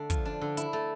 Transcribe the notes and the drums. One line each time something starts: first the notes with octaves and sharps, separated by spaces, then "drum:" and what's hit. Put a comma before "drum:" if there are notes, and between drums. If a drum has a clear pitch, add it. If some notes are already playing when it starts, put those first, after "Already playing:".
Already playing: D3 A3 D4
F3, drum: kick, hi-hat
D4
D3
E4, drum: hi-hat
A3